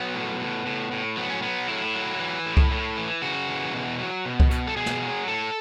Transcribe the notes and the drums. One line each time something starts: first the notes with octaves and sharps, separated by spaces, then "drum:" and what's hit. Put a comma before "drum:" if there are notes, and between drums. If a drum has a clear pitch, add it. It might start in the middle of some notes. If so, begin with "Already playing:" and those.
Already playing: F#3 B3
A2
A2
A2
A2
F#3 B3
C#4
F#3 B3
A2 E4
F#3
E3
A2
drum: kick C2
A2
E3
C#3 F#4
E3
B2
F#3
B2
drum: kick C2
B2, drum: hi-hat
A4
B2 G#4
drum: snare
F#3
A2 A4